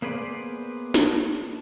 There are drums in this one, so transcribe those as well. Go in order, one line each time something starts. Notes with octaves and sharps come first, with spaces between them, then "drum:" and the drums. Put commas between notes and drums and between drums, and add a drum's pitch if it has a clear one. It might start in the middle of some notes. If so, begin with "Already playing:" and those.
A#3 B3 G#4 B4 C5 D5
drum: snare